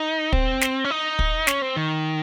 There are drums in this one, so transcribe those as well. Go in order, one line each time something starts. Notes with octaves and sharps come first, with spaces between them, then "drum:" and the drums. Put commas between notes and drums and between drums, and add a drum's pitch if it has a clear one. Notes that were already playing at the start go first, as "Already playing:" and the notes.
Already playing: D#4
C4, drum: kick
drum: snare
C#4
D#4
drum: kick
C#4, drum: snare
C4
D#3